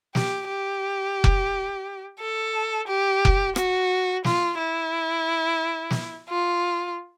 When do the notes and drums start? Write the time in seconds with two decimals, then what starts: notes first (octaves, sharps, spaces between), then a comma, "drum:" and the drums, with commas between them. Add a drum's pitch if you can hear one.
0.15 G4, drum: snare
0.49 G4
1.24 drum: kick F1
2.20 A4
2.87 G4
3.25 drum: kick F1
3.56 F#4, drum: rim click
4.25 F4, drum: snare
4.58 E4
5.90 drum: snare
6.29 F4